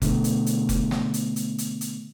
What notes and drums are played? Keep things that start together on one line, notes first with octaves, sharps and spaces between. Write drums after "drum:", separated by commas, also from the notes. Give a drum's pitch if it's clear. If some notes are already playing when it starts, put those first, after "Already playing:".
B2 D3 A3, drum: kick F1, hi-hat
drum: hi-hat
drum: hi-hat
drum: kick F1, hi-hat
drum: snare
drum: hi-hat
drum: hi-hat
drum: hi-hat
drum: hi-hat